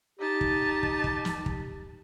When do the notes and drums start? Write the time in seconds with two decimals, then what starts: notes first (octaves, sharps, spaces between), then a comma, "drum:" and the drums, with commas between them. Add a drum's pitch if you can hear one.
0.20 D#4 G4 A5
0.41 drum: kick
0.83 drum: kick
1.04 drum: kick
1.25 drum: snare
1.46 drum: kick